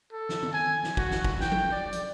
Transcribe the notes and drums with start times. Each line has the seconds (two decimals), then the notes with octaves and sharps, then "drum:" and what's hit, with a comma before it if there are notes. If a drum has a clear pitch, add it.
0.13 A4
0.29 drum: snare
0.43 drum: tom
0.53 G#5
0.84 drum: snare
0.97 F#4, drum: kick
1.11 drum: snare
1.24 drum: kick
1.41 G5, drum: snare
1.52 drum: tom
1.72 D5
1.93 drum: hi-hat